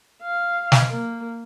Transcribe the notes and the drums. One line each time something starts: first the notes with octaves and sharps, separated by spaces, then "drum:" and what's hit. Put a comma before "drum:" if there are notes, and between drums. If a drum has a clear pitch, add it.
F5
drum: snare
A#3